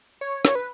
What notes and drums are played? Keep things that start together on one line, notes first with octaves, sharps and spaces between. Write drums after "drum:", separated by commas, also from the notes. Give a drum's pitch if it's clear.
C#5
C#5, drum: rim click
B4